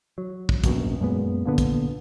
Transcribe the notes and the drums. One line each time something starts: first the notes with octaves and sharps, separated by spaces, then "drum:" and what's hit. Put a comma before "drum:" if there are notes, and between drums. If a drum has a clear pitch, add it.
F#3
drum: kick
D#1 A#1 F#2 B2, drum: kick, hi-hat
F#2 A#2 G#3 B3
A#2 D3 B3
drum: kick, hi-hat